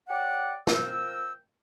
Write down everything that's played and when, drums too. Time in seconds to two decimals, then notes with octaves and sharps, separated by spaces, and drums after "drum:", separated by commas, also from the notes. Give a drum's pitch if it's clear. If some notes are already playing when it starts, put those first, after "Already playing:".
0.08 G4 C#5 D5 F#5
0.67 F3 A#4 G5 E6, drum: snare A#4